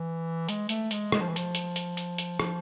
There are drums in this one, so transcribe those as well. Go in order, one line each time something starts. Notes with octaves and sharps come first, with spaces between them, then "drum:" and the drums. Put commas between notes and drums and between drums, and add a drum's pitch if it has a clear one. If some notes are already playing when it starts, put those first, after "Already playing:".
Already playing: E3
G#3, drum: hi-hat
A3, drum: hi-hat
G#3, drum: hi-hat
G#3, drum: rim click
F3
E3
F3, drum: hi-hat
drum: hi-hat
drum: hi-hat
drum: hi-hat
drum: hi-hat
F3, drum: rim click